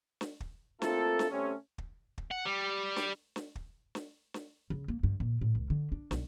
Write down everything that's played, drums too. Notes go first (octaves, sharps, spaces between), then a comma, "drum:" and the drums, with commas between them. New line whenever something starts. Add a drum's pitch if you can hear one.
drum: snare
drum: kick
A3 A#3 C4 E4 F4 A4, drum: snare
drum: snare
C3 G3 A3 C4 C#4
drum: kick
drum: kick
F#5
G3
drum: snare
drum: snare
drum: kick
drum: snare
drum: snare
C#3
A#3
G2
A#2
A2
C#2
D3
D4
B1, drum: snare